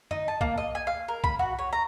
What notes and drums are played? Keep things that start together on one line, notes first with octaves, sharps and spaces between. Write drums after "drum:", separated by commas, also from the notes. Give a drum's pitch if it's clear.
D#4, drum: tom
A5
A#3, drum: kick
D#5
G#5
F5
A#4
B5, drum: kick
F#4
C#5
A#5